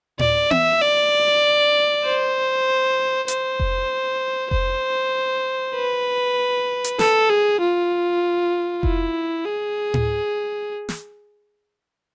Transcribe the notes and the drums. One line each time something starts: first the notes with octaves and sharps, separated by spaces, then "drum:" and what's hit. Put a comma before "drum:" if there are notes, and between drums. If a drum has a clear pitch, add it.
D5, drum: tom A2
E5, drum: tom B3
D5
C5
C5, drum: hi-hat
drum: kick F1
C5, drum: kick F1
B4
drum: hi-hat
A4, drum: snare
G#4
F4
E4, drum: kick F1
G#4
drum: tom A2
drum: snare